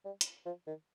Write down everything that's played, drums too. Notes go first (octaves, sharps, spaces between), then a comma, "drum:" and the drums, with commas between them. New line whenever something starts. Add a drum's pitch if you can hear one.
G3
drum: hi-hat
F3
D#3